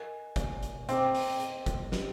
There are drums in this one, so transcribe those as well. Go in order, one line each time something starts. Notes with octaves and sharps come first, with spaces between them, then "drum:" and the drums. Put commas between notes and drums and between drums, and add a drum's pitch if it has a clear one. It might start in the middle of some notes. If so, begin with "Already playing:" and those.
Already playing: A#4 D#5 G#5
A#4 D5 G#5, drum: kick, hi-hat
drum: hi-hat
C4 G#4 D#5 G5 A#5 D6, drum: hi-hat
drum: open hi-hat
G#4 D#5 G5, drum: hi-hat
drum: kick, hi-hat
D#4 G4 C5 D#5, drum: snare